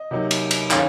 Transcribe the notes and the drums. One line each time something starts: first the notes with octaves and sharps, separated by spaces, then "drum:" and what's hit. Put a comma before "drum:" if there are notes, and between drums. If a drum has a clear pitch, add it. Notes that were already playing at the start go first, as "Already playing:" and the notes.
Already playing: D#5
C3 F#3 A#3 D#4
drum: cymbal
drum: cymbal
D#3 A#3 C#4 F5, drum: clap